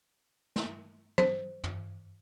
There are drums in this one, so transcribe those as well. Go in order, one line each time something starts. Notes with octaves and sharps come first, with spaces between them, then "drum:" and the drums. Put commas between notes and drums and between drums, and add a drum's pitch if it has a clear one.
drum: snare
C5, drum: tom
drum: tom